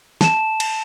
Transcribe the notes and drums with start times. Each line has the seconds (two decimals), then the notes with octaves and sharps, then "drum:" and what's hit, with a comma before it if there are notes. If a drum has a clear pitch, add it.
0.21 A5 E7, drum: snare
0.60 drum: cymbal